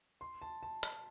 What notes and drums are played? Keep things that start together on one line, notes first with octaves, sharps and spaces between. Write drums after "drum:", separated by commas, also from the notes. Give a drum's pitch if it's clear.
C6
A5
A5
drum: hi-hat